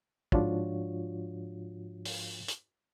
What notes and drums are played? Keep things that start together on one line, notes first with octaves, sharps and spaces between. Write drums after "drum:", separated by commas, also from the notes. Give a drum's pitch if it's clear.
G#2 F3 D4 F4 F#4 C#5, drum: kick
drum: open hi-hat
drum: hi-hat